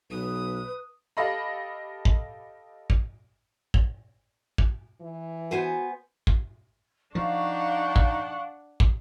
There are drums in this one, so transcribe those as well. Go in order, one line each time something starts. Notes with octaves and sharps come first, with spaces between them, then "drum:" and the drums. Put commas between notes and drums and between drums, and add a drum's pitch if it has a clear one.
B1 B4 D#6
G4 A4 D#5 F5 B5
drum: kick
drum: kick
drum: kick
drum: kick
E3
B3 F#4 C5 G#5
drum: kick
F3 D4 D#4 F5 F#5 C#6
drum: kick
drum: kick